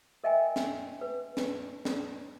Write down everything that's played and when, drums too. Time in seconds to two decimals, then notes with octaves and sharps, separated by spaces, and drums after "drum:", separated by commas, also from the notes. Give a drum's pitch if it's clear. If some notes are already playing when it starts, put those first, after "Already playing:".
0.24 A#4 D#5 E5 G5 G#5
0.56 drum: snare
1.01 B4
1.37 drum: snare
1.85 drum: snare